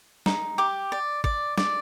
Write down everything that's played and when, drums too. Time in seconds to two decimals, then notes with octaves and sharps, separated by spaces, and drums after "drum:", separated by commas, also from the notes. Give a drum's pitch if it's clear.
0.26 D#4, drum: snare
0.58 G4 D6
0.92 D5
1.24 D5, drum: kick
1.58 D5, drum: snare